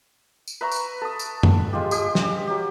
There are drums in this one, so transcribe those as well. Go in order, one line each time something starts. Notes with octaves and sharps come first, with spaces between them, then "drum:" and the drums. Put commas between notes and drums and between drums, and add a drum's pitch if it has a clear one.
drum: tambourine
B4 E5 A#5 C#6
drum: tambourine
A4 D#6
drum: tambourine
drum: tom F#2
G#3 F4 G4
G#3 G4 D#6, drum: tambourine
drum: snare
F#3 G4